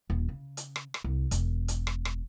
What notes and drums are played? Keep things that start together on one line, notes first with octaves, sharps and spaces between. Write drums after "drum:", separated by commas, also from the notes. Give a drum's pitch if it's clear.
D#1
C#3
drum: hi-hat
drum: rim click
drum: rim click
C2
E1, drum: hi-hat
drum: hi-hat
drum: rim click
drum: rim click